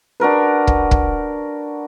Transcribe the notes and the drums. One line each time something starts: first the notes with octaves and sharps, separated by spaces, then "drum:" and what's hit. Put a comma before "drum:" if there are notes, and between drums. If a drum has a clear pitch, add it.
D4 F#4 A#4 B4
drum: kick
drum: kick